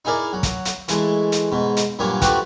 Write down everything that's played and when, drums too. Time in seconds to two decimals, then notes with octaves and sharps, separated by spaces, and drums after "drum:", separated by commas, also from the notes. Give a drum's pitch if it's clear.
0.05 D#4 E4 G#4 A#4 D5
0.33 F#3
0.43 drum: kick, hi-hat
0.65 drum: hi-hat
0.88 E3 G#3 A3, drum: hi-hat
1.32 drum: hi-hat
1.52 G#2 B2
1.77 drum: hi-hat
1.99 G2 A#2 F#3 A#3 G#5 D6
2.22 F3 A3 D4 F#4 G4 B4, drum: kick, hi-hat